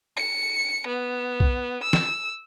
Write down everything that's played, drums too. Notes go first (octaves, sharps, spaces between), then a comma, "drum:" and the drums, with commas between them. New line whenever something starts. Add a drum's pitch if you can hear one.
C#7
B3
drum: kick B1
E6
drum: snare